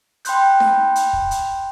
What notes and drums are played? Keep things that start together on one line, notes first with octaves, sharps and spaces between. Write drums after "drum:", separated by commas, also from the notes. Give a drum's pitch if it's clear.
G5 B5 C6 F#6 G6, drum: hi-hat
drum: snare D#4
drum: hi-hat
drum: kick
drum: hi-hat